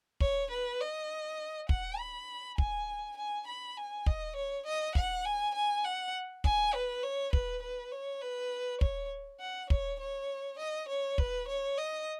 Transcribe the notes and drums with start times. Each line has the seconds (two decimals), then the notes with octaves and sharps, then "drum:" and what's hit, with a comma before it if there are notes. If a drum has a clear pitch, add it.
0.20 C#5, drum: kick
0.51 B4
0.80 D#5
1.69 F#5, drum: kick
1.98 B5
2.58 G#5, drum: kick
3.17 G#5
3.47 B5
3.77 G#5
4.06 D#5, drum: kick
4.36 C#5
4.66 D#5
4.95 F#5, drum: kick
5.25 G#5
5.55 G#5
5.85 F#5
6.44 G#5, drum: kick
6.74 B4
7.03 C#5
7.33 B4, drum: kick
7.62 B4
7.92 C#5
8.21 B4
8.81 C#5, drum: kick
9.40 F#5
9.70 C#5, drum: kick
10.00 C#5
10.59 D#5
10.88 C#5
11.18 B4, drum: kick
11.48 C#5
11.78 D#5